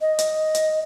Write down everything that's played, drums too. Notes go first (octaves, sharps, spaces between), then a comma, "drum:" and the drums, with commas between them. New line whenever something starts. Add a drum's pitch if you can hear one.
D#5
drum: hi-hat
drum: hi-hat